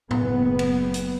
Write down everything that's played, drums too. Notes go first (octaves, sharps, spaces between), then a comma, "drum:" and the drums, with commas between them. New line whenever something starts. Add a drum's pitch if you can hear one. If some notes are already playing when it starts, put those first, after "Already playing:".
F#1 B3, drum: tom A2
drum: cymbal
drum: hi-hat